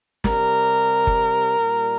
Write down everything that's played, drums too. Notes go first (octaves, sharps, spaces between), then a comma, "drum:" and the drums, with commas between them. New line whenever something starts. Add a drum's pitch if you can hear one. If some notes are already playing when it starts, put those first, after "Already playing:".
C3 G3 A#4, drum: snare
drum: kick
A#2 G3